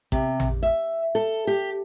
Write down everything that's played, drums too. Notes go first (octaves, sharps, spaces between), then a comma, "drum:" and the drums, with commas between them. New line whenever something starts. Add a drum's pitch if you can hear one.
C3, drum: kick A1
drum: tom A1
E5
A4
G4